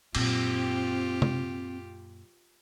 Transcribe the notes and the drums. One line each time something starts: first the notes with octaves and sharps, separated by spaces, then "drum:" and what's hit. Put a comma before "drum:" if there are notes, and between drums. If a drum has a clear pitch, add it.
F#2 A#2 C4 F4 G4, drum: cymbal
drum: tom C3